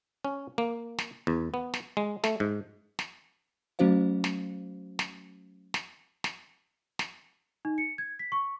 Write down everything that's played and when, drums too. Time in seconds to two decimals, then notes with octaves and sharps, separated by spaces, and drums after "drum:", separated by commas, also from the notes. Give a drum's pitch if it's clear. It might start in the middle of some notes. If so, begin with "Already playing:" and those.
0.25 C#4
0.58 A#3
0.98 drum: snare
1.27 E2
1.54 B3
1.74 drum: snare
1.97 G#3
2.24 A3, drum: snare
2.40 G#2
2.99 drum: snare
3.79 F#3 A3 C#4 F#4 C5 F5
4.24 drum: snare
4.99 drum: snare
5.74 drum: snare
6.24 drum: snare
6.99 drum: snare
7.65 D#4
7.78 C#7
7.98 G#6
8.19 B6
8.32 C#6